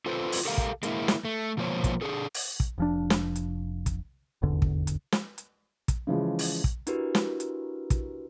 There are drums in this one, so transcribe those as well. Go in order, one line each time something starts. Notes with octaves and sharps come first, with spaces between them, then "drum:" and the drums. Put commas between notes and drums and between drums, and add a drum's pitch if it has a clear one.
F4 A4 B4 C5
drum: open hi-hat
G4 A4 A#4 F5
drum: kick
G#3 A#3 D#4 E4, drum: hi-hat
drum: snare
A3
B2 F3 A#3 C5 C#5
drum: kick, hi-hat
D3 D4 G#4 A4
drum: open hi-hat
drum: kick
F1 F3 D4
drum: snare
drum: hi-hat
drum: kick, hi-hat
D#1 G#1 E2 D3
drum: kick
drum: hi-hat
drum: snare
drum: hi-hat
drum: kick, hi-hat
C#3 E3 F3 G#3
drum: open hi-hat
drum: kick
D4 E4 F#4 G4 A#4 B4, drum: hi-hat
drum: snare
drum: hi-hat
drum: kick, hi-hat